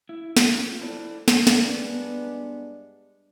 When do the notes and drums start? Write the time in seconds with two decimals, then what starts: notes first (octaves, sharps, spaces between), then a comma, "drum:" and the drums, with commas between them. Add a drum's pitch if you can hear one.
0.09 E4
0.37 F4, drum: snare
0.82 D4 E4 A4 C5 D5
1.28 drum: snare
1.47 G2 G#3 B3 D4, drum: snare